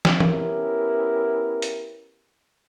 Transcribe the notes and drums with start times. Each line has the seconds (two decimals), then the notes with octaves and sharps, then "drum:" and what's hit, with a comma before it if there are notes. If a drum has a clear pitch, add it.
0.05 drum: snare
0.20 B3 C#4 E4 G4 A#4, drum: tom
1.62 drum: hi-hat